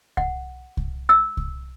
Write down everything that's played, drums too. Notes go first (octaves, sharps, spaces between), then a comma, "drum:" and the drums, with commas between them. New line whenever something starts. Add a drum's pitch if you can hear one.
F#5, drum: kick C2
drum: kick C2
E6
drum: kick C2